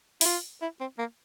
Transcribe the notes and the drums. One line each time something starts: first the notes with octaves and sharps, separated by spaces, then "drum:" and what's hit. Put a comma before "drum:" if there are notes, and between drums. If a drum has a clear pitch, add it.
E4, drum: open hi-hat
F4
E4
C4
A#3